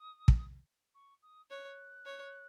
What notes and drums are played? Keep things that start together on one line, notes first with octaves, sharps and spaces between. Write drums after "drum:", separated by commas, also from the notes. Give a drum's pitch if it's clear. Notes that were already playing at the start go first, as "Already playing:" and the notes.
Already playing: D#6
drum: kick
C#6
D#6
C#5 F#6
C#5